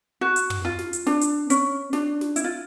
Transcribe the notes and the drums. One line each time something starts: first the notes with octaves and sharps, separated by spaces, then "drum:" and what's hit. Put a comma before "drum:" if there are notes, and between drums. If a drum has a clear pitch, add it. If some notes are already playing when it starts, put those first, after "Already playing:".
F#4
drum: hi-hat
drum: tom
F4
drum: snare
drum: hi-hat
D4, drum: snare
drum: hi-hat
C#4, drum: hi-hat
D4, drum: snare
drum: snare
E4, drum: hi-hat
F4